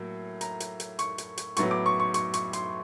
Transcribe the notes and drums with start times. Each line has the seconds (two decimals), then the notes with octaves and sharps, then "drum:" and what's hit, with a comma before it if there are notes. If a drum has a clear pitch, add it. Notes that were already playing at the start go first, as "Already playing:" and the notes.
Already playing: A2 F#3 A#3
0.41 A#5, drum: hi-hat
0.60 drum: hi-hat
0.80 drum: hi-hat
0.99 C#6, drum: hi-hat
1.18 drum: hi-hat
1.38 drum: hi-hat
1.57 A2 F#3 B3 C#6, drum: hi-hat
1.71 D6
1.86 C#6
2.00 C#6
2.14 C#6, drum: hi-hat
2.34 C#6, drum: hi-hat
2.53 C6, drum: hi-hat